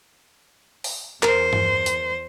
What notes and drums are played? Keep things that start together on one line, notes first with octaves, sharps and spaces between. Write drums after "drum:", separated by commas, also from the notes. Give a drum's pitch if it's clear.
drum: open hi-hat
E2 A#4 C5, drum: clap
drum: tom G2
drum: hi-hat